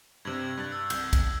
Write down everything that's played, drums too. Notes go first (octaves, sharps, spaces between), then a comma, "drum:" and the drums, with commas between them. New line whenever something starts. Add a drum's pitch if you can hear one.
G2 C3 G#6 F#7
G2 F#6 A6
E6
C2 G6, drum: cymbal
drum: kick, cymbal